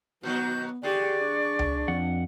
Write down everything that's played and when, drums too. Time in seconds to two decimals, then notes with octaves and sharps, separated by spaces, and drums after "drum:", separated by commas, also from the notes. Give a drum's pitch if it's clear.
0.23 B2 D#3 F#3 B3 F#4 G6
0.83 D3 G4 G#4 D5 C#6
1.20 D4
1.59 drum: tom C#2
1.88 F2 F#5